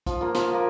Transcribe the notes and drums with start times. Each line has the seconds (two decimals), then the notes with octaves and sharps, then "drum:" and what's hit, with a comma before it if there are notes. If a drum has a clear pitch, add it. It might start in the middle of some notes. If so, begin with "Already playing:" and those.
0.06 F3, drum: kick, hi-hat
0.21 A#3 F4
0.35 F3, drum: snare
0.50 A#3 F4